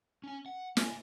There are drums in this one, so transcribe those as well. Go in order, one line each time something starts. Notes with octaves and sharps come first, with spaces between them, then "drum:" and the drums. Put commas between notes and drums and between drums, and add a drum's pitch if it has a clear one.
C#4 G#5
F#5
A#3 G#5, drum: snare